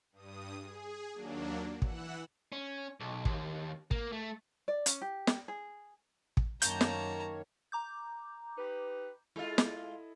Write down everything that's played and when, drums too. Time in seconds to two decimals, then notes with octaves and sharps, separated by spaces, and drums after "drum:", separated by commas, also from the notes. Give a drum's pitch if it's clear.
0.12 G2 D#6
0.61 G#4
1.13 D#2 F#3 A#3 D4
1.82 E3 F#5 E6 F#6, drum: kick
2.52 C#4
3.00 B1
3.25 D#2, drum: kick
3.91 A#3, drum: kick
4.12 A3
4.68 D5
4.86 C#4, drum: hi-hat
5.02 G4
5.27 drum: snare
5.48 G#4
6.37 drum: kick
6.62 F#2 D#3 A#3 C#5 A5 A#5 G6, drum: hi-hat
6.81 drum: snare
7.72 A#5 D6 G6
8.57 D#4 G4 B4
9.36 G#3 E4 F4 A4 D#5
9.58 drum: snare